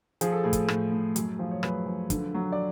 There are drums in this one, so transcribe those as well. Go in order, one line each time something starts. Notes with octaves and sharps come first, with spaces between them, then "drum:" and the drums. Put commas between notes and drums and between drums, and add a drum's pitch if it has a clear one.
F3 G#4, drum: hi-hat
A4
A2 G#4
drum: kick, hi-hat
A2, drum: rim click
A2
F#2, drum: hi-hat
F3
C#5
F#2 B4, drum: rim click
F3
D3, drum: kick, hi-hat
F#3
D5